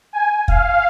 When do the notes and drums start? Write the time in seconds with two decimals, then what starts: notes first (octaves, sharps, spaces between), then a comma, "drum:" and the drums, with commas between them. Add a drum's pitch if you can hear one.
0.13 G#5
0.48 F5, drum: kick